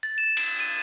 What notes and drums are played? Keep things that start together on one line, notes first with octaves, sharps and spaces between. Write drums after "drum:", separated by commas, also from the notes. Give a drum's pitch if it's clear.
A6
E7
drum: cymbal
D#7